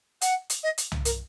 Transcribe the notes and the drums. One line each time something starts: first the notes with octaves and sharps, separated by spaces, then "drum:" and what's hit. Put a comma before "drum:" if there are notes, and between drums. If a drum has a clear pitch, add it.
F#5, drum: hi-hat
drum: hi-hat
D#5
drum: hi-hat
drum: tom C2
A#4, drum: hi-hat